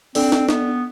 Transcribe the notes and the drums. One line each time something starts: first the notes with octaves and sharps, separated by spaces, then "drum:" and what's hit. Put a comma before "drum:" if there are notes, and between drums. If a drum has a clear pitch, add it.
C4 D4 A4 D5, drum: open hi-hat
drum: snare
B3, drum: snare